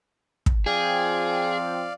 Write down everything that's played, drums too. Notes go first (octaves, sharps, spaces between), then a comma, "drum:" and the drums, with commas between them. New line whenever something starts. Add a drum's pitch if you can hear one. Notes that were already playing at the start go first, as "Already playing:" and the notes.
drum: kick
F3 C4 F4 G#4 D5 F5 G5